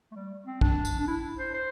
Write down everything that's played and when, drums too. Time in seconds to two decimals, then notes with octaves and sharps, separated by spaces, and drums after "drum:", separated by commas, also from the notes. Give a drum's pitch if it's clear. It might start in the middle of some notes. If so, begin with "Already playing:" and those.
0.12 A3
0.16 G3
0.46 C4
0.61 D4, drum: kick
0.85 drum: tambourine
0.99 D4
1.08 E4
1.38 C5
1.54 C5